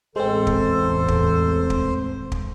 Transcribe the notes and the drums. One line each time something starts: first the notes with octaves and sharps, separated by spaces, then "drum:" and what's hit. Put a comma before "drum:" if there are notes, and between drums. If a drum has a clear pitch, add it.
A1 E2 G#3 C4 A4 C5
drum: kick
drum: kick
drum: kick
drum: kick